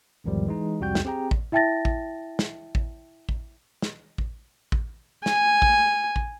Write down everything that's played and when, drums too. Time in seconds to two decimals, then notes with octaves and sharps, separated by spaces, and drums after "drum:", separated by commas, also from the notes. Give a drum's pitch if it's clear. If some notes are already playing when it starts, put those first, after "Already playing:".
0.24 B1 E2 G#2 D#3 F3 G3
0.47 E3 G#3 D#4
0.80 C2 F2 G3 F#4 G5 G6
0.95 drum: snare
1.05 C4 G4 G#4 G5 A#5
1.31 drum: kick A1
1.52 E4 E5 G5 A5 A6 A#6
1.85 drum: kick A1
2.39 drum: snare
2.75 drum: kick A1
3.29 drum: kick A1
3.82 drum: snare
4.18 drum: kick A1
4.72 drum: kick A1
5.26 G#5, drum: snare
5.62 drum: kick A1
6.16 drum: kick A1